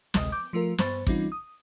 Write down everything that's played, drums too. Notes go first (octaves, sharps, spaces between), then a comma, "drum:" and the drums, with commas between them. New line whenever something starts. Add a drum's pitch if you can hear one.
A1 D2 C3 G#3 D#5 D#6, drum: snare
D6 G6
F3 A3 F4 A#4
G2 B3 C5 B5 C#6 A6, drum: snare
E3 G3 C4 C#4 D#4 F4, drum: kick
D#6